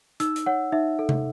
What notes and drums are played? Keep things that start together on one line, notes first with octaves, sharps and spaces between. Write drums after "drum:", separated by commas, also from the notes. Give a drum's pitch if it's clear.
D#4 E6, drum: hi-hat
drum: hi-hat
C#5 F#5
D#4 E5
A4
drum: tom C3